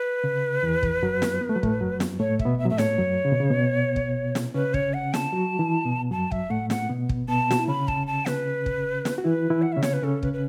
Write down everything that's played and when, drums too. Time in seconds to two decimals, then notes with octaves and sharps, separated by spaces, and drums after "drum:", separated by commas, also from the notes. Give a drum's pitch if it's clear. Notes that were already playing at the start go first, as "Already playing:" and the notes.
Already playing: B4
0.24 C#3
0.62 E2 E3
0.83 drum: kick
1.02 F#2 F#3
1.22 drum: snare
1.41 B3
1.49 A3
1.56 F#3
1.63 A2 A3, drum: kick
1.81 F#2 F#3
2.00 drum: snare
2.20 A2 A3 C#5
2.39 E5, drum: kick
2.45 B2 B3
2.59 E5
2.65 F#3
2.70 A2 A3 E5
2.78 C#5, drum: snare
2.98 F#2 F#3
3.25 C#3
3.32 B2
3.40 C#3
3.50 B2 B3
3.96 drum: kick
4.35 drum: snare
4.54 C#3 C#4 B4
4.74 C#5, drum: kick
4.94 F#5
5.14 A5, drum: snare
5.33 F#3 F#4
5.59 E3 E4
5.85 B2 B3
6.11 F#2 F#3 A5
6.31 E5, drum: kick
6.50 A2 A3 F#5
6.70 F#5, drum: snare
6.89 B2 B3
7.09 drum: kick
7.28 B2 B3 A5
7.51 F#4, drum: snare
7.59 E4
7.68 C#3 C#4 B5
7.88 A5, drum: kick
8.07 A5
8.26 B4, drum: snare
8.66 drum: kick
9.05 drum: snare
9.18 F#4
9.24 E3 E4 B4
9.50 E3 E4
9.62 F#5
9.72 C#3 C#4 E5
9.83 C#5, drum: snare
9.93 B4
10.03 C#3 C#4 A4
10.23 B4, drum: kick
10.33 B4